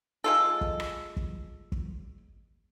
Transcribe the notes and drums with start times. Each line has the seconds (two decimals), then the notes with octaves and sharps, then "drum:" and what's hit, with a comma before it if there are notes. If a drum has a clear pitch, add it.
0.24 G#3 F4 A4
0.61 drum: kick
0.80 drum: rim click
1.17 drum: kick
1.72 drum: kick